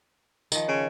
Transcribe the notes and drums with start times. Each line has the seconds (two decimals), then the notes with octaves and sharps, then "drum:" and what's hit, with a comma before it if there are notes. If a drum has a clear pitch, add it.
0.52 D#3 F3, drum: tambourine
0.68 C#3